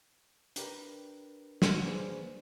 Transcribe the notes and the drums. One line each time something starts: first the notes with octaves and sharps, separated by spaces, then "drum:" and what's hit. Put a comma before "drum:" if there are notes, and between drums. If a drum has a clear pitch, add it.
D4 G4 A#4 B4, drum: hi-hat
drum: snare
A#3 D4 G#4 B4 C5 D5